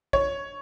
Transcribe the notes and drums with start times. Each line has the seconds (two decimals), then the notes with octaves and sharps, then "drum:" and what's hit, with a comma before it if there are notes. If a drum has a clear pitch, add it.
0.13 C#5, drum: kick